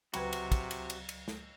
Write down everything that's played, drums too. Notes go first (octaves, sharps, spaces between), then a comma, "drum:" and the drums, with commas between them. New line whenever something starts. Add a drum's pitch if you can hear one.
C#2 C3 F#3 F#4 B4 G5 A#5 B5, drum: cymbal
drum: cymbal
drum: kick, cymbal
drum: cymbal
drum: cymbal
drum: cymbal
drum: snare